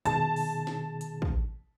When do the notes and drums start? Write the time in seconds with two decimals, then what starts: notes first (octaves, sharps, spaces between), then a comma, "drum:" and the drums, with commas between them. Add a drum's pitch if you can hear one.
0.06 B2 D#3 G#4 A5, drum: hi-hat
0.36 drum: open hi-hat
0.67 drum: snare
1.01 drum: hi-hat
1.22 drum: kick